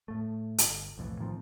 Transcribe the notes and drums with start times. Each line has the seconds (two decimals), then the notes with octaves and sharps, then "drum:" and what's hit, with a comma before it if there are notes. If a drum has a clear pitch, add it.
0.08 A2 A3
0.58 G1, drum: hi-hat
0.98 B1 F2 A2 E3
1.19 A2 D#3 F3 C4